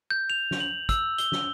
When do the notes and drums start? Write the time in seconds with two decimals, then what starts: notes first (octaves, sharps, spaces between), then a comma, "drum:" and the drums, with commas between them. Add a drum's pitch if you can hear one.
0.11 G6
0.30 F7
0.51 drum: snare
0.60 F#7
0.89 E6, drum: kick, hi-hat
1.18 G7, drum: hi-hat
1.32 drum: snare